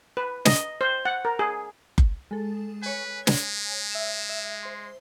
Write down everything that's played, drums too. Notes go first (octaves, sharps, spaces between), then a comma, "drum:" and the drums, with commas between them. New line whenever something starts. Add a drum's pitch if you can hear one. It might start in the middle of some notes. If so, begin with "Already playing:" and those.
B4
D#5, drum: snare
C5
F#5
A#4
G#4
drum: kick F#1
G#3 A4
B4 C#5 G#5
G#3, drum: snare
E5 E7
E5
C5 C6